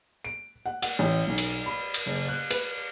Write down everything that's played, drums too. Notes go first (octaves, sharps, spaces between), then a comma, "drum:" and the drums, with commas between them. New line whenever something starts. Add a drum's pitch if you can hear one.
D7
F#5
F#5, drum: cymbal
A1
B1
drum: cymbal
B5
drum: cymbal
F#1
F#6
B4, drum: cymbal